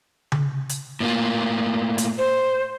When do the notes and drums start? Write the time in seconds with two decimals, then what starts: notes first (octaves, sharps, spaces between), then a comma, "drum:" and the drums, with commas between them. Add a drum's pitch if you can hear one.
0.32 drum: tom C#3
0.69 drum: hi-hat
1.00 A2 A#3 F4
1.98 drum: hi-hat
2.18 C5